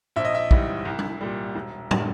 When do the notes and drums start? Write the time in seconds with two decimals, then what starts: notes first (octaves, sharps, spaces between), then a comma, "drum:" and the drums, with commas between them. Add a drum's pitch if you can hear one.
0.16 A#1 E5
0.25 D#5
0.35 E5
0.51 G#2 E3 G3, drum: kick
0.85 C2
0.99 drum: tom G3
1.21 A#2 G3
1.56 E1
1.91 D3 G3, drum: tom